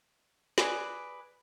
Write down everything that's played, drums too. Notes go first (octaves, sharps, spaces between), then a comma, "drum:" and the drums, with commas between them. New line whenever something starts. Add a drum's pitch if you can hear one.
G#4 B4 D5 G#5, drum: snare